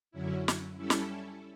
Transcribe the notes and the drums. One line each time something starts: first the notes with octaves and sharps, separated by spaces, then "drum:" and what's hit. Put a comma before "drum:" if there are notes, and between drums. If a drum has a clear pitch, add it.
F#2 D3 F#3 C#4 E4
drum: snare
G3 C#4 E4 A4
drum: snare